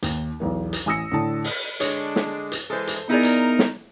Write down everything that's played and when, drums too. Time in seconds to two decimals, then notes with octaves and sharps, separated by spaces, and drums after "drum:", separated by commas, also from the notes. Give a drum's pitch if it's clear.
0.03 D#2, drum: hi-hat
0.40 B1 E2 B4
0.73 drum: hi-hat
0.86 A1 G#5 D#6 E6 A#6 C#7
1.12 A2 D3 A5
1.44 drum: open hi-hat
1.80 D3 G#3 D4 C#5, drum: hi-hat
2.16 drum: snare
2.52 drum: hi-hat
2.70 E3 G#3 A4 C5
2.87 drum: hi-hat
3.10 B3 D#4 E4 G#4 A#4 D5
3.23 drum: hi-hat
3.59 drum: snare